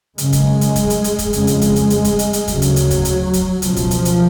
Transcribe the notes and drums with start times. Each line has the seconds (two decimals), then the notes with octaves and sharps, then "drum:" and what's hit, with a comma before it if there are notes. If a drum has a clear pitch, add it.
0.18 F#2 C#3 G#3, drum: hi-hat
0.33 drum: kick, hi-hat
0.61 drum: hi-hat
0.76 drum: kick, hi-hat
0.90 drum: hi-hat
1.04 drum: hi-hat
1.19 drum: kick, hi-hat
1.33 F2 C#3 G#3, drum: hi-hat
1.47 drum: hi-hat
1.61 drum: kick, hi-hat
1.76 drum: hi-hat
1.90 drum: hi-hat
2.04 drum: kick, hi-hat
2.19 drum: hi-hat
2.33 drum: hi-hat
2.48 D2 C#3 F#3, drum: kick, hi-hat
2.62 drum: hi-hat
2.76 drum: hi-hat
2.90 drum: kick, hi-hat
3.05 drum: hi-hat
3.33 drum: kick, hi-hat
3.62 C#2 B2 F3, drum: hi-hat
3.76 drum: kick, hi-hat
3.91 drum: hi-hat
4.05 drum: hi-hat